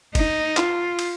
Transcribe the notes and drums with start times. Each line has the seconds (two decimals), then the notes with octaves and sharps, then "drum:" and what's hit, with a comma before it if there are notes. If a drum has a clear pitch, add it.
0.15 D#4, drum: kick, cymbal
0.57 F4, drum: clap
0.99 drum: cymbal